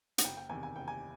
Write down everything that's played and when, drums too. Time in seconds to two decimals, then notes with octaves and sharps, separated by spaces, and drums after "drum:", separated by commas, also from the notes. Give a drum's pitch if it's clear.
0.18 F#5, drum: hi-hat
0.24 F#1 G5
0.37 G5
0.49 E2 C3 D#3 G#5
0.63 G#5
0.76 F#1 G5
0.88 G#5